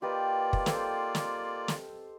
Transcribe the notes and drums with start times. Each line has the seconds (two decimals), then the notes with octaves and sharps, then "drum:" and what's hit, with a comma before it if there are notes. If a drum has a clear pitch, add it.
0.02 A#3 F4 G4 B4 D5 D#5
0.53 drum: kick
0.66 A4 C5 G5, drum: snare
1.15 drum: snare
1.68 drum: snare